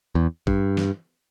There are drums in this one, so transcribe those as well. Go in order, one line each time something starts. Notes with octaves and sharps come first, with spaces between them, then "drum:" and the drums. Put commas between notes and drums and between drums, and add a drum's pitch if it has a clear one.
E2
G2, drum: kick G#1
drum: snare